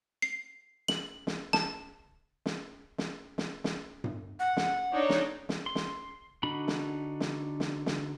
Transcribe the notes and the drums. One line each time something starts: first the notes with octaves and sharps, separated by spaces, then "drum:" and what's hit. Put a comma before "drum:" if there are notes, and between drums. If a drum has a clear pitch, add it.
C7
F#7, drum: snare
drum: snare
A5, drum: snare
drum: snare
drum: snare
drum: snare
drum: snare
drum: tom G2
F#5
drum: snare
D4 D#4 C#5
drum: snare
drum: snare
C6
drum: snare
D3 D4 D#4 F#4 B5
drum: snare
drum: snare
drum: snare
drum: snare